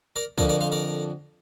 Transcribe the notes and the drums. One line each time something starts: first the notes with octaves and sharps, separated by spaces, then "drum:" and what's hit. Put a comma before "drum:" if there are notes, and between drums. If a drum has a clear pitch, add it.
A#4 D5
F2 D3 F3 A#4 D5, drum: kick
A#4 D5
C5 F5
A#4 D5